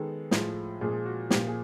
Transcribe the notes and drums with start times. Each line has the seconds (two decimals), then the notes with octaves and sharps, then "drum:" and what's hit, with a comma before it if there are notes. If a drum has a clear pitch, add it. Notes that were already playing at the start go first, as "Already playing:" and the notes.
Already playing: D#3 G#3 B3 A4
0.31 A2 F3 G#3, drum: snare
0.81 A#2 F3 G#3 G#4
1.06 F#4
1.30 A#2 F3 A#3 G4, drum: snare
1.47 G#4